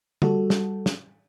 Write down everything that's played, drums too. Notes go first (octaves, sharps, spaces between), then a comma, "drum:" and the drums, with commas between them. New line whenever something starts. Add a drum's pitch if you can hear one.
G3 F#4 A4, drum: tom D3
drum: snare
drum: snare